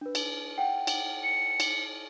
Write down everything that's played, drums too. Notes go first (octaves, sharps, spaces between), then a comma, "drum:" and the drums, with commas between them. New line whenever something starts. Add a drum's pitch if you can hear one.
D4 B4
drum: cymbal
F#5 G5
drum: cymbal
C#7
drum: cymbal